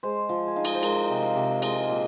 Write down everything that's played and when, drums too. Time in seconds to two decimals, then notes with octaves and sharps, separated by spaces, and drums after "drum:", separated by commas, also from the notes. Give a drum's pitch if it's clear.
0.03 G#3 C5
0.29 F3
0.47 G#5
0.56 D#4 F5
0.65 D#5, drum: cymbal
0.74 C5
0.83 G#3 A#4, drum: cymbal
1.10 C3
1.22 F5
1.36 C3
1.62 G#3 D#5, drum: cymbal
1.89 A#2